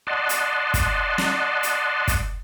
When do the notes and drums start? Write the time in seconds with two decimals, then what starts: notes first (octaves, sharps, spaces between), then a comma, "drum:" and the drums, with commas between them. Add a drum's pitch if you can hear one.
0.07 D5 D#5 F#5 A5 C6
0.29 drum: hi-hat
0.74 drum: kick, hi-hat
1.18 drum: snare
1.63 drum: hi-hat
2.08 drum: kick, hi-hat